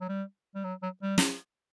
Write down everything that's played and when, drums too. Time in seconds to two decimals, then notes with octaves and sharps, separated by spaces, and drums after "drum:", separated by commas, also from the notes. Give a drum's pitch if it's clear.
0.01 F#3
0.09 G3
0.55 G3
0.64 F#3
0.83 F#3
1.02 G3
1.18 drum: snare